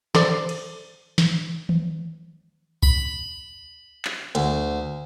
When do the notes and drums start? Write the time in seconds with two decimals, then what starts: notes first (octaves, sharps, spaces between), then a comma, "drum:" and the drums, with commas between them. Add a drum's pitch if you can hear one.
0.15 A4 C5 D5, drum: snare
0.49 drum: cymbal
1.18 drum: snare
1.69 drum: tom D#3
2.83 B5, drum: kick
4.05 drum: clap
4.35 D2, drum: hi-hat